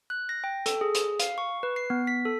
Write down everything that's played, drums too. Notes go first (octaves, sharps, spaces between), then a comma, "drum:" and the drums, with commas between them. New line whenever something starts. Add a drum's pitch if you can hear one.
F#6
A#6
G5
A4, drum: hi-hat
G#4
drum: hi-hat
F5, drum: hi-hat
C#6
B4
C7
B3
B6
A4